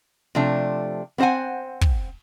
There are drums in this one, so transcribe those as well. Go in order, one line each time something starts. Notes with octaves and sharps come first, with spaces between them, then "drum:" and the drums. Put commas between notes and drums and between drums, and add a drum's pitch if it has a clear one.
C3 F3 A3 D4
B3 C4 C5 F#5 G#5
drum: kick